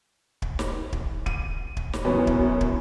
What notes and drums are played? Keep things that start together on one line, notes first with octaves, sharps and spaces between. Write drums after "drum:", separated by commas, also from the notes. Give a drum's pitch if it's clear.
drum: kick
drum: snare
drum: kick
D#7, drum: kick
drum: kick
drum: snare
F#2 B2 E3 B3 C#4
drum: kick
drum: kick